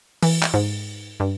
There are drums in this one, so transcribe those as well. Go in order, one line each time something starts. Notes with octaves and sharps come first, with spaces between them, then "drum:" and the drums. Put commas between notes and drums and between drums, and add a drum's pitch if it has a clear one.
E3, drum: open hi-hat
drum: clap
G#2
G2